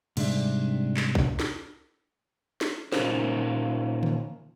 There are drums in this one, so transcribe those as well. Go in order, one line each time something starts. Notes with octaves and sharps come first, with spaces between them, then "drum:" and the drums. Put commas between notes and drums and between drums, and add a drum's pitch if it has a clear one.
G#2 C3 G3 D4 E5, drum: cymbal
drum: clap
drum: kick
drum: snare
drum: snare
A#2 C#4 D#4 F4 A#4 C5, drum: snare
drum: tom D3